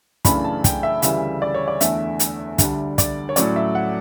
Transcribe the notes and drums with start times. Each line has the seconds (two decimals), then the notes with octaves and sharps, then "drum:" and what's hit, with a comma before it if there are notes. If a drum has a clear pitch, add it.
0.25 F#2 C#3 E3 A3 D4 B5, drum: kick, hi-hat
0.44 A5
0.64 G5, drum: kick, hi-hat
0.83 E5
1.02 D2 C#3 E3 G3 E5, drum: hi-hat
1.42 D5
1.54 C#5
1.68 D5
1.81 E2 D3 A3 E5, drum: hi-hat
2.20 drum: hi-hat
2.58 D2 D3 G3 D4, drum: kick, hi-hat
2.98 D5, drum: kick, hi-hat
3.29 C#5
3.36 A2 F#3 A3 C#4 D5, drum: hi-hat
3.56 E5
3.75 F#5